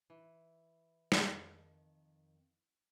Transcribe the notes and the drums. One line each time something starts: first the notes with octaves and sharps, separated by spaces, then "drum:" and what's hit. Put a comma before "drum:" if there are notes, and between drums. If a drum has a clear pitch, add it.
E3
drum: snare
F2 D#3